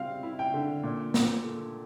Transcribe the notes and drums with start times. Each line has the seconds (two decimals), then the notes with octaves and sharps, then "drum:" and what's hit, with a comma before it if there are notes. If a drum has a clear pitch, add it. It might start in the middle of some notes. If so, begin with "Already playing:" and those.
Already playing: G3 C4 F5
0.23 E4
0.39 G5
0.54 D3
0.83 A#2
1.14 A#2, drum: snare
1.44 A3